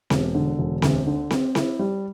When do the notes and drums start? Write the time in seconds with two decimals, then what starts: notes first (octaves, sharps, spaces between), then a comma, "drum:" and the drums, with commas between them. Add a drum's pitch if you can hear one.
0.10 E1, drum: snare C4
0.35 D3
0.59 E1
0.82 D2, drum: snare C4
1.07 D3
1.31 C4, drum: snare C4
1.55 E4, drum: snare C4
1.79 G3